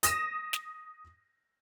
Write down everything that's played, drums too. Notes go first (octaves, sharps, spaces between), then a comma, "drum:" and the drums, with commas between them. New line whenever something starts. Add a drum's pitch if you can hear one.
D#6 A#6 D#7 E7, drum: hi-hat
drum: snare